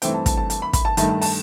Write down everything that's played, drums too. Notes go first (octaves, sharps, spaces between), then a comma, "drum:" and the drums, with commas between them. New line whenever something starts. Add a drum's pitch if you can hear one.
G2 E3 A3 C4 G5, drum: hi-hat
A5
A5, drum: kick, hi-hat
A5
A5, drum: hi-hat
B5
B5, drum: kick, hi-hat
A5
G2 D#3 A3 A5, drum: hi-hat
A5
A5, drum: open hi-hat